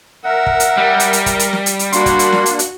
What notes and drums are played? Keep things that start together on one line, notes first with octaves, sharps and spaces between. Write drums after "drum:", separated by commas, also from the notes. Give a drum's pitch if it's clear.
A#4 E5 F#5
drum: kick
drum: hi-hat
G3
drum: hi-hat
drum: hi-hat
drum: kick, hi-hat
drum: hi-hat
drum: snare
drum: hi-hat
drum: hi-hat
A#3 D4 F#4 C6, drum: hi-hat
drum: kick, hi-hat
drum: hi-hat
drum: snare
drum: hi-hat
drum: hi-hat